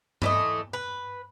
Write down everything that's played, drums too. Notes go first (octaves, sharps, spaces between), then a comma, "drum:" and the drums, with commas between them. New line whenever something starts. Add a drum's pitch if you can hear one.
E3 A3 D#5, drum: tom G2
B4